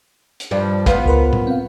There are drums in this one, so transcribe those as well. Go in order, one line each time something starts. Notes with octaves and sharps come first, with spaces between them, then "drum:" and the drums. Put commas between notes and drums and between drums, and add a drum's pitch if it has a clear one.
drum: hi-hat
G2 F3 G3
B3 F4 C5, drum: kick, hi-hat
C#2 A#4 B5
drum: tom A2
C4 F5